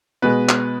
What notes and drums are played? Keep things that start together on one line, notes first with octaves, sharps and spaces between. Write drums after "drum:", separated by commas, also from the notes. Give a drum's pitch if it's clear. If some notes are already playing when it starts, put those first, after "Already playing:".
B2 G#3 B4
drum: clap